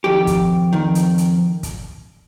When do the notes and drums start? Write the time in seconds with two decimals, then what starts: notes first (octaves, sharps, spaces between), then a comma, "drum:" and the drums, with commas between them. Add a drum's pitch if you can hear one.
0.04 F2 D#3 G4
0.27 drum: kick, hi-hat
0.73 F2 D#3
0.95 drum: hi-hat
1.18 drum: hi-hat
1.63 drum: kick, hi-hat